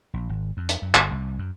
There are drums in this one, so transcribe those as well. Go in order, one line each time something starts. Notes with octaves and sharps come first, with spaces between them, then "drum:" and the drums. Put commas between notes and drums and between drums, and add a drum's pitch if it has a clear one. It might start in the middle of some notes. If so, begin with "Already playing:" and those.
A#1
G#1
F2
drum: hi-hat
F#2
G1, drum: clap
C2
F#2